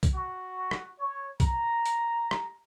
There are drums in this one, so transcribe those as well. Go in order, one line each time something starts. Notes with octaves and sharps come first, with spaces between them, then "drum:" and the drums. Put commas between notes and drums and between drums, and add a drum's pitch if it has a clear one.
drum: kick, hi-hat
F#4
drum: rim click
C#5
A#5, drum: kick, hi-hat
drum: hi-hat
drum: rim click